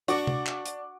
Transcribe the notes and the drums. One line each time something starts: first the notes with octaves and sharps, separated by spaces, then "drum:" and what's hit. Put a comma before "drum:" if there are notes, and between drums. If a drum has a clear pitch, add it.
D4 F#4 D6, drum: hi-hat
drum: tom C3
drum: clap
drum: hi-hat